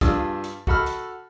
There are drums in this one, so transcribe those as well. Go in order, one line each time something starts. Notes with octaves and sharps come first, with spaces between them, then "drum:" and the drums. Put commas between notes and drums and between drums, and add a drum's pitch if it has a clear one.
G2 D4 F4 G#4 D#6 E6, drum: kick, hi-hat
drum: hi-hat
F#4 A4 F#5 B5 E6 F6, drum: kick
drum: hi-hat